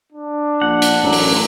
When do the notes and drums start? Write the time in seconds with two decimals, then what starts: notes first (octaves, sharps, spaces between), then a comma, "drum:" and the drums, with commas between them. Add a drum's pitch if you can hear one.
0.12 D4
0.62 A#1 F#5
0.82 drum: hi-hat
1.03 A1 F#2 F#3
1.13 drum: open hi-hat